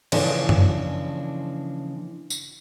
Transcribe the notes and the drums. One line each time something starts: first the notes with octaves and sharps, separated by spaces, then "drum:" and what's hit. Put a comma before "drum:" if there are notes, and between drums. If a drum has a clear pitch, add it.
D#2 C#3 E3 F3 D4, drum: cymbal
drum: tom F#2
drum: tambourine